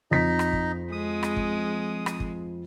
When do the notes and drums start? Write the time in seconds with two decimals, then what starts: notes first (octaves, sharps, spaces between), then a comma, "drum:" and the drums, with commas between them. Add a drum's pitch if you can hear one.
0.11 F2 D#4 D#5 B6
0.39 drum: rim click
0.53 drum: kick
0.92 G#3 D#6
1.23 drum: rim click
1.37 drum: kick
2.06 drum: rim click
2.20 drum: kick